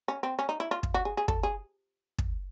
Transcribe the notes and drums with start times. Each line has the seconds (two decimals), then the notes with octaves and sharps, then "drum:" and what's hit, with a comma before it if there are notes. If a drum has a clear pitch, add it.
0.08 C#4
0.23 C4
0.39 C#4
0.49 D#4
0.60 E4
0.71 F4
0.83 drum: kick
0.94 F#4
1.05 G#4
1.17 G#4
1.28 A4, drum: kick
1.43 G#4
2.18 drum: kick